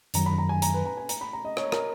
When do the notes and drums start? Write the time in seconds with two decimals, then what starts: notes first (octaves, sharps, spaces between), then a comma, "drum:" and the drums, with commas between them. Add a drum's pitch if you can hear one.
0.14 F#2 D#3 F#3 A#5, drum: hi-hat
0.26 B5
0.38 A#5
0.49 G#5
0.62 A#5, drum: hi-hat
0.74 B4
0.86 A#5
0.97 G#5
1.09 A#5, drum: hi-hat
1.21 B5
1.33 A#5
1.45 D#5
1.57 C#5, drum: rim click
1.72 A#4, drum: rim click